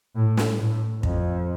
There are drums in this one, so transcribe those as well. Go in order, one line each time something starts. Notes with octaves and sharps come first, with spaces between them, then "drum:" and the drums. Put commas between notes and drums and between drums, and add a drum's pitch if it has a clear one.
A2
drum: snare
A2
F2, drum: kick